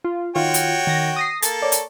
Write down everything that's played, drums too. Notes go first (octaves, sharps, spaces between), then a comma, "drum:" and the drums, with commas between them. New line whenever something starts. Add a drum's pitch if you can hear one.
F4
D#3 F4 F#4 C#5 G5
drum: hi-hat
D#3 A#6
D#6 A#6 C7
A#3 A4 A6, drum: hi-hat
C#5 D5
drum: hi-hat